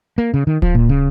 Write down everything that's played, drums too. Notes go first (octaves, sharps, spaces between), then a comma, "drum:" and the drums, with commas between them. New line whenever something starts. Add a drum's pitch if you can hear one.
A#3
C#3
D#3
F3, drum: kick D1
A#2
C#3